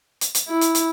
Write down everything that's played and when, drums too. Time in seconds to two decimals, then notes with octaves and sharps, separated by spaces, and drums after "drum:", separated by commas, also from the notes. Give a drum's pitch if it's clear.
0.21 drum: hi-hat
0.35 drum: hi-hat
0.47 E4
0.61 drum: hi-hat
0.75 drum: hi-hat